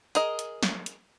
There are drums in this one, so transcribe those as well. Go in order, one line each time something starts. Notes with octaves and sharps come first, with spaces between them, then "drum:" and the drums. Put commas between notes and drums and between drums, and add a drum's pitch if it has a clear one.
G#4 A#4 D#5, drum: hi-hat
drum: hi-hat
drum: snare
drum: hi-hat